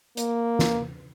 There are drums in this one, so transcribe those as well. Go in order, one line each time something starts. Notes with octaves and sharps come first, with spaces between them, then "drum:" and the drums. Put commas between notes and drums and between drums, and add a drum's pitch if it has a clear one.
A#3, drum: hi-hat
drum: snare